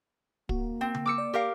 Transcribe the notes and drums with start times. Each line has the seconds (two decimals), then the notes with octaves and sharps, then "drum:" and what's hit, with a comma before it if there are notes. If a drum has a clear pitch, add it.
0.49 A#3 F#4, drum: kick
0.81 C4 G5
0.94 drum: tom C#3
1.06 D6 E6 C#7
1.18 D5
1.34 G4 A#4 F5